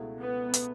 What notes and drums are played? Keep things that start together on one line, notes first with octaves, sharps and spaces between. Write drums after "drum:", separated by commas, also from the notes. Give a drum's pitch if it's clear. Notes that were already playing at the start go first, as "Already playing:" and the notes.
Already playing: C#2 B2 A3 E4
B3
drum: hi-hat